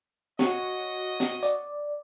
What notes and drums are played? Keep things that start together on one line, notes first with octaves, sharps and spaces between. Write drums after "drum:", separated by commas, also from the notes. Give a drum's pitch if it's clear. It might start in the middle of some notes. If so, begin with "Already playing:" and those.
F#4 C#5 D#5, drum: snare
drum: snare
D5, drum: hi-hat